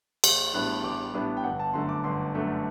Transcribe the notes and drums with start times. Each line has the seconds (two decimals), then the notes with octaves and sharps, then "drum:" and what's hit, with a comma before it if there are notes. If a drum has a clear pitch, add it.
0.24 A1, drum: cymbal
0.54 A2 G3 B3 D4 F#6
0.84 A1 D6
1.14 A2 G3 B3 D4
1.37 G5
1.44 G1 F#5
1.60 A5
1.74 F#2 D3 A3 C6
1.89 D6
2.04 G1 C6
2.35 F#2 D3 A3